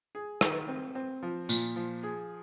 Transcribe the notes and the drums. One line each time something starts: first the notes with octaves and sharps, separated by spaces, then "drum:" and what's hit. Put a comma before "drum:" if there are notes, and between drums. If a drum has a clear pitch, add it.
G#4
D#3, drum: rim click
C4
C4
F3
A#2, drum: tambourine
F3
G#4